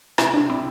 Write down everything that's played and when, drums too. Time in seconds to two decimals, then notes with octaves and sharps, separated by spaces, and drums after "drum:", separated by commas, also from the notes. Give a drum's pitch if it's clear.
0.18 C3 E4, drum: rim click
0.34 D4
0.50 C3 E4